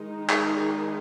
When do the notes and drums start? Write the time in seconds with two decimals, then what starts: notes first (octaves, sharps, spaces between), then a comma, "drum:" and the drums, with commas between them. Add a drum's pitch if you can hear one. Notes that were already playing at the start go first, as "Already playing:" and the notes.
Already playing: D#3 G#3 D#4
0.30 G#4, drum: clap
0.60 G#4